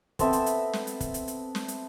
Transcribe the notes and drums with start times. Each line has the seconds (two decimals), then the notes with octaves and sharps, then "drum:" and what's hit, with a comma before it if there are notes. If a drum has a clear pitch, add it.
0.19 B3 C4 A4 E5, drum: kick, hi-hat
0.33 drum: hi-hat
0.46 drum: hi-hat
0.73 drum: snare
0.87 drum: hi-hat
1.01 drum: kick, hi-hat
1.14 drum: hi-hat
1.28 drum: hi-hat
1.55 drum: snare
1.68 drum: hi-hat